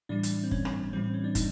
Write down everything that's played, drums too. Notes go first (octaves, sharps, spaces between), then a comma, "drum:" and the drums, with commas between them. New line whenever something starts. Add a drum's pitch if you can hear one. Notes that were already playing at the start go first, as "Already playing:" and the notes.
A2 E3 G3 D4
drum: hi-hat
C4
C#4, drum: kick
drum: rim click
A2 E3 G3 C4
C4
C#4
D4
D#4, drum: kick, hi-hat